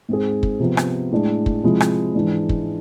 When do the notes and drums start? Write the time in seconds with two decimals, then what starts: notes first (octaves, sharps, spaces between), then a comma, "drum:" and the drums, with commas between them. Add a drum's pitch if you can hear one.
0.09 G#2 G#3 C4 G#4
0.43 drum: kick
0.60 C3 F3 B3
0.77 drum: rim click
1.11 A2 G#3 D4
1.46 drum: kick
1.64 C3 F3 G#3 C4 E4
1.80 drum: rim click
2.15 G#2 E3 G#3 D4
2.49 drum: kick